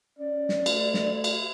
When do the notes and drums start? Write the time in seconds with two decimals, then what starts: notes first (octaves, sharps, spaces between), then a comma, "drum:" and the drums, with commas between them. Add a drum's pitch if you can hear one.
0.19 C#4 D5
0.49 drum: snare
0.66 A3, drum: cymbal
0.94 drum: snare
1.24 drum: cymbal